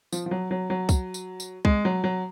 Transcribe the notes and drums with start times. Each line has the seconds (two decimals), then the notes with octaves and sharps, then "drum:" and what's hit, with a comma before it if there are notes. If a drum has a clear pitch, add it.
0.12 F3, drum: tambourine
0.26 F3
0.31 F#3
0.51 F#3
0.70 F#3
0.89 drum: kick C2, tambourine
1.14 drum: tambourine
1.40 drum: tambourine
1.65 G#3, drum: kick C2
1.85 F#3
2.04 F#3